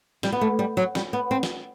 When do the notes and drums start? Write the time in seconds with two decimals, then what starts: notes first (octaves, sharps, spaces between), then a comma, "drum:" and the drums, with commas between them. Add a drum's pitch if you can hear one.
0.23 G3, drum: snare
0.32 B3
0.41 A3
0.59 G3
0.77 F#3
0.95 G3, drum: snare
1.13 B3
1.31 C4
1.43 drum: snare